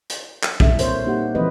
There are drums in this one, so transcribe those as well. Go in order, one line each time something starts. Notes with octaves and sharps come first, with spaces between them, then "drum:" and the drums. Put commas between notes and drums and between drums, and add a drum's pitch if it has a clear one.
drum: hi-hat
drum: clap
A#2 G3 D4 A4 E5, drum: kick
C4 A#4 C5 C#5, drum: hi-hat
A#3 D#4 G4 F#5
E3 F3 A3 C4 B4 D#5